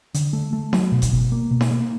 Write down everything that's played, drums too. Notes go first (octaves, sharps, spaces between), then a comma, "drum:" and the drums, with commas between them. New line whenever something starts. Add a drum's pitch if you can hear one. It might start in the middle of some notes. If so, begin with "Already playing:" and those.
D3, drum: hi-hat
A3
A3
F#3, drum: snare D#4
B2
drum: kick F#1, hi-hat
B2
A#3
B2
drum: snare D#4
A#3